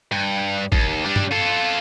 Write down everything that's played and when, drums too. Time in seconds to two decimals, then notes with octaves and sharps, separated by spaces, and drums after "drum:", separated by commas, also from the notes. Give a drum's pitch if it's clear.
0.12 G2
0.72 D#2, drum: kick
1.05 G3 D4
1.16 drum: tom G2
1.32 F4 A4